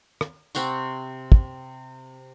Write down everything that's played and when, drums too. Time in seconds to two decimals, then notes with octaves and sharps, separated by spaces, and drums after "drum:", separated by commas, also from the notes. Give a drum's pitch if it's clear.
0.21 drum: rim click
0.55 C3 C4 F#5 C#6, drum: tambourine
1.32 drum: kick